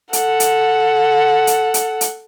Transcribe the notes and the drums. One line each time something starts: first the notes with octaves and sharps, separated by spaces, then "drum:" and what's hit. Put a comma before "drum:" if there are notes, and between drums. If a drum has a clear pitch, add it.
A4 F#5, drum: hi-hat
drum: hi-hat
drum: hi-hat
drum: hi-hat
drum: hi-hat